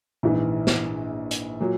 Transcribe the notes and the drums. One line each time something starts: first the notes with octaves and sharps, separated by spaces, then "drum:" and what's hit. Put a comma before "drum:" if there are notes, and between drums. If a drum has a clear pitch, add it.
A#1 G#2 E3
drum: snare
drum: hi-hat
A#2 F#3